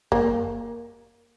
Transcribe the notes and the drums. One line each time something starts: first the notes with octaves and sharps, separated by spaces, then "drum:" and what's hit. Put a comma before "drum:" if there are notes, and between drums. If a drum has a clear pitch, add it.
A#3, drum: kick F#2